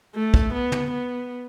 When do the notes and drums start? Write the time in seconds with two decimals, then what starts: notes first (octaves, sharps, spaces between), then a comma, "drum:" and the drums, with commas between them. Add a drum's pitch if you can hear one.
0.15 A3
0.34 drum: kick
0.53 B3
0.72 drum: tom
0.91 B3